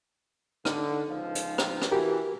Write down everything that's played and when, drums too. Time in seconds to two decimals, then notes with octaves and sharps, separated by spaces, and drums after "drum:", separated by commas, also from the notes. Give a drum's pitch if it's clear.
0.65 D3 D#4, drum: rim click
1.08 C#2 F3
1.35 drum: hi-hat
1.58 drum: rim click
1.82 drum: rim click
1.91 E3 F#4 G4 A#4